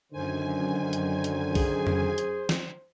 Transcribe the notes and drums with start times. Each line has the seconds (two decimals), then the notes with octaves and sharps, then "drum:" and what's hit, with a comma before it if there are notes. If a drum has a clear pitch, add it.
0.13 F#2 D3 D#3 C5 G#5
0.93 drum: hi-hat
1.24 drum: hi-hat
1.55 G#4, drum: kick, open hi-hat
1.87 drum: tom F2
2.18 drum: hi-hat
2.49 drum: snare